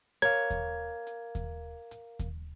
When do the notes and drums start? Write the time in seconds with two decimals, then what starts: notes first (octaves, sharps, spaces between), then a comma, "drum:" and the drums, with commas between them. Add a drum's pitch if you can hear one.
0.22 A#4 C#5 F5 G#6, drum: hi-hat
0.50 drum: kick D#2, hi-hat
1.07 drum: hi-hat
1.35 drum: kick D#2, hi-hat
1.91 drum: hi-hat
2.19 drum: kick D#2, hi-hat